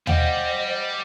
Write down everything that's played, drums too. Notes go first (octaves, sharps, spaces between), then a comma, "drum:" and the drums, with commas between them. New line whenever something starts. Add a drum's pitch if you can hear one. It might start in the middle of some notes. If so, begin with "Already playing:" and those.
G3 G4 C5 D#5 F5 F#5, drum: tom D#2